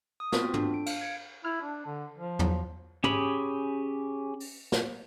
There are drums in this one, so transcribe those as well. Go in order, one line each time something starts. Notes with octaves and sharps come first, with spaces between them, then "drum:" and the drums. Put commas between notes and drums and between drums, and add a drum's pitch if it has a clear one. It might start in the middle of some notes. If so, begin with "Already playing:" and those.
D#6
B3 C4 F4 F#4, drum: snare
D4 A4, drum: tom
D7
F5, drum: cymbal
G#6 C#7 D7
E4 F6
D4
D3
F3
E2 F#3, drum: tom
C#4 G4 G#4 B5, drum: tom
drum: open hi-hat
drum: snare